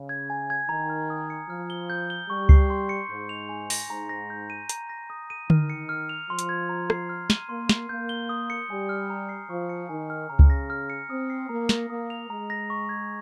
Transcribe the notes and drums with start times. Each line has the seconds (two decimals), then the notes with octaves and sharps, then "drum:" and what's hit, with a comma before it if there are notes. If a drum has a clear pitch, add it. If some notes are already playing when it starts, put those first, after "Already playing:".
Already playing: C#3
0.09 G#6
0.30 G#5
0.50 G#6
0.69 D#3 A#5
0.90 F6
1.10 D#6
1.30 C#7
1.49 F3 F6
1.70 G7
1.90 G6
2.10 G7
2.29 G3 C#6
2.49 C7, drum: kick C#2
2.70 C6
2.89 C#7
3.10 G#2 G6
3.29 F7
3.49 G#5
3.70 A#6, drum: open hi-hat
3.90 G#2 A#5
4.09 A#6
4.30 G6
4.50 D#7
4.69 A#5, drum: hi-hat
4.90 A#6
5.10 D#6
5.30 D#7
5.50 D#3 F6, drum: tom D3
5.70 C#7
5.89 F6
6.09 F7
6.29 F3 C6
6.39 drum: hi-hat
6.49 G#6
6.69 A#5
6.90 C7, drum: rim click
7.09 F6
7.30 D#7, drum: snare
7.49 A#3 C6
7.69 C7, drum: snare
7.89 A#3 G6
8.09 G7
8.29 D#6
8.50 C#7
8.70 G3 G#5
8.89 F6
9.10 A#5
9.29 C7
9.50 F3 C#6
9.70 C#7
9.89 D#3 G#5
10.10 F6
10.30 C#3 A#5
10.39 drum: kick C#2
10.50 A#6
10.70 F6
10.90 C#7
11.10 C4 D#6
11.30 C7
11.49 A#3 A#5
11.69 A#6, drum: snare
11.89 A#3 D#6
12.10 F7
12.29 G#3 A#5
12.50 A#6
12.70 C#6
12.89 G#6